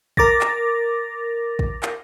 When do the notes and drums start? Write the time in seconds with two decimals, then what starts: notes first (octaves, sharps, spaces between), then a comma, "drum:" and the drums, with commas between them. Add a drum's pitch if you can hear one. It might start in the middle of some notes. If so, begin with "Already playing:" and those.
0.17 A#4 D6 A6 A#6, drum: kick
0.41 drum: clap
1.59 drum: kick
1.83 drum: clap